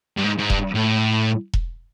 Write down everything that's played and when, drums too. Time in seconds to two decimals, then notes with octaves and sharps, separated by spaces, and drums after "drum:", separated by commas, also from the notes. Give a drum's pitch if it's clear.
0.17 G2
0.23 G#2
0.38 G#2
0.50 G2, drum: kick E1
0.75 A2
1.53 drum: kick E1